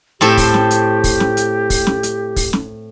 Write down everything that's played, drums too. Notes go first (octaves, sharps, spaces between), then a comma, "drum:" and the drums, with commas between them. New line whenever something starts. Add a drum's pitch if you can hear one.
A2 C4 G4 A4
drum: kick, open hi-hat
drum: snare
drum: hi-hat
drum: kick, open hi-hat
drum: snare
drum: hi-hat
drum: kick, open hi-hat
drum: snare
drum: hi-hat
drum: kick, open hi-hat
drum: snare